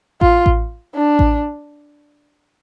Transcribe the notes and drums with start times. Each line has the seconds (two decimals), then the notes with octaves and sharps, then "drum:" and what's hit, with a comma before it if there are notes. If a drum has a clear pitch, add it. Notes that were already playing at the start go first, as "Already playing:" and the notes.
0.21 F4, drum: kick A1
0.46 drum: kick A1
0.95 D4
1.19 drum: kick A1